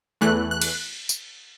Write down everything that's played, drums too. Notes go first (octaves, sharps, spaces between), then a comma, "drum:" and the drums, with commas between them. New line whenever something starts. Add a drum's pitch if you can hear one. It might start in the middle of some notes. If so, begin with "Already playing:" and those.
E2 E3 A3 F#6
F#6
drum: cymbal
drum: tambourine